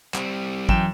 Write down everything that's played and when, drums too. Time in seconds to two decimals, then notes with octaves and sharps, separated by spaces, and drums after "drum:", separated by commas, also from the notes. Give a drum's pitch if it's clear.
0.14 G3 C4, drum: clap
0.69 F#2 E3 F#3 G5 E7, drum: kick